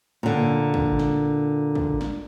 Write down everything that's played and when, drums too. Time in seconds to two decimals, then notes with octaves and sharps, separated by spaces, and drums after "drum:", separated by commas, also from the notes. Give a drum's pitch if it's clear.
0.23 A#2 D3
0.74 drum: kick
0.99 drum: snare
1.75 drum: kick
2.01 drum: snare